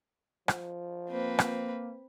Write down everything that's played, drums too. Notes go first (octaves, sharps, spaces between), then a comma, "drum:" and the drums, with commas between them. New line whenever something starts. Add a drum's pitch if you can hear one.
F3, drum: rim click
A#3 C4 B4
drum: rim click